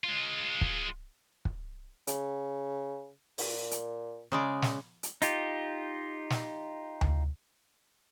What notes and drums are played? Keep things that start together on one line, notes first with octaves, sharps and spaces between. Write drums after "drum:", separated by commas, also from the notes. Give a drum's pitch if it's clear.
G#3 F4
drum: kick
drum: kick
C#3, drum: hi-hat
A#2, drum: open hi-hat
drum: hi-hat
C#3 G#3 D5
drum: snare
drum: hi-hat
D#4 F4 G4, drum: hi-hat
drum: snare
drum: tom D2